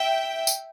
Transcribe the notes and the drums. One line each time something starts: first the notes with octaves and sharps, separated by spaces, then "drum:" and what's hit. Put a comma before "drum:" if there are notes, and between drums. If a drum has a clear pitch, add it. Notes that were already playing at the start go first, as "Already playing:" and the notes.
Already playing: E5 G5
drum: tambourine